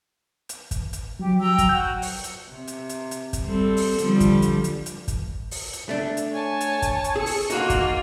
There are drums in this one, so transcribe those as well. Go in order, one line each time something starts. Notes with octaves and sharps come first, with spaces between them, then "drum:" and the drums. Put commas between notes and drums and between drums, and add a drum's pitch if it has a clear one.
drum: hi-hat
drum: kick, hi-hat
drum: hi-hat
F#3 G4
G5 A#5 E6
drum: kick, hi-hat
F#4 G6
drum: open hi-hat
drum: hi-hat
C3
drum: hi-hat
drum: hi-hat
drum: hi-hat
drum: kick, hi-hat
G3 C4 A4
drum: open hi-hat
D3 F3 G3, drum: hi-hat
drum: kick, hi-hat
drum: hi-hat
drum: hi-hat
drum: hi-hat
drum: kick, hi-hat
drum: open hi-hat
drum: hi-hat
A3 D4
drum: hi-hat
C#5 G#5 A5
drum: hi-hat
drum: kick, hi-hat
drum: hi-hat
G#4 A4 C#6
drum: open hi-hat
A#3 D#4 F4 F#4, drum: hi-hat
drum: kick, hi-hat